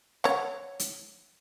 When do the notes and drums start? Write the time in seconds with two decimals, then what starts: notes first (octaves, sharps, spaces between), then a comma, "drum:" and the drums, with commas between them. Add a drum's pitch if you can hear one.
0.24 C#5 F#5, drum: rim click
0.79 drum: hi-hat